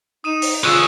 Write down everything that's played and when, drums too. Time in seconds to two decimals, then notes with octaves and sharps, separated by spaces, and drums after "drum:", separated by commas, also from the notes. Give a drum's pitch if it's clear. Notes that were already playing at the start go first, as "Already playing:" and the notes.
0.24 D#4 D#6 D#7 E7
0.42 drum: open hi-hat
0.64 D3 F4 G#4 C#6 D#6 E6 F#6